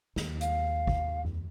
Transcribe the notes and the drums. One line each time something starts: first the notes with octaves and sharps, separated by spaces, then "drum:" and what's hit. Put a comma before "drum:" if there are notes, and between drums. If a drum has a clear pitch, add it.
D#2, drum: snare
F5, drum: hi-hat
drum: kick
drum: tom F2